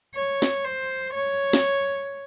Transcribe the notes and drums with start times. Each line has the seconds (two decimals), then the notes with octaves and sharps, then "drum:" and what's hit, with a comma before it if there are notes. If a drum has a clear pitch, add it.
0.14 C#5
0.42 drum: snare
0.65 C5
1.13 C#5
1.53 drum: snare